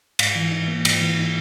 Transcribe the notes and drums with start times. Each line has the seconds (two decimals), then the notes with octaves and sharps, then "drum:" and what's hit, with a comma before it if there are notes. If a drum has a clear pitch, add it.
0.19 G#2, drum: cymbal
0.36 E3
0.52 D#4
0.68 A#3
0.85 G#2, drum: cymbal
1.02 E3
1.18 D#4